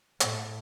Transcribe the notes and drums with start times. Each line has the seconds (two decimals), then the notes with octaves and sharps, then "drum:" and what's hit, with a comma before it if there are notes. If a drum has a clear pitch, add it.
0.20 A2, drum: hi-hat